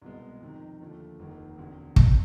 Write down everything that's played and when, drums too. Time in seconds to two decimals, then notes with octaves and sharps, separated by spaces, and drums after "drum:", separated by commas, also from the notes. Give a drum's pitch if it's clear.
0.02 C2 B2 G#3
0.40 F2 C3 D#3
0.80 D#2 D3 F3 A3
1.19 F1 D#2 D#3
1.58 E1 D2 C3
1.96 E2 C3, drum: kick